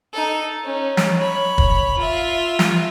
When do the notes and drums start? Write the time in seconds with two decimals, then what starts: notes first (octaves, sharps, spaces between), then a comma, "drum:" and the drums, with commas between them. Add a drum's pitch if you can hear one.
0.13 D#4 A4
0.61 C#4 D#4
0.97 drum: snare
1.17 C#5 B5
1.58 drum: kick
1.98 F4 E5
2.59 drum: snare